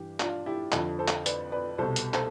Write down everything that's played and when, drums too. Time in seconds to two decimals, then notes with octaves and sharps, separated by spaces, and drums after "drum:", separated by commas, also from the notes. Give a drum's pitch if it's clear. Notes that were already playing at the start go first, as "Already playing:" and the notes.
Already playing: G2 E3 G4
0.20 D4 F4, drum: clap
0.46 E4 G4
0.72 F2 D3 F3 F4 A4, drum: clap
0.99 A4 C5
1.08 drum: clap
1.26 B4 D5, drum: hi-hat
1.52 B4 D5
1.78 C2 B2 A4 C5
1.96 drum: hi-hat
2.14 A4 C5, drum: clap